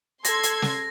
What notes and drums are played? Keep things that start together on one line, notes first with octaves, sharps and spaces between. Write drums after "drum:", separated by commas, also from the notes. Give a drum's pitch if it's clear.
A4 C6 G#6 A#6, drum: hi-hat
drum: hi-hat
drum: snare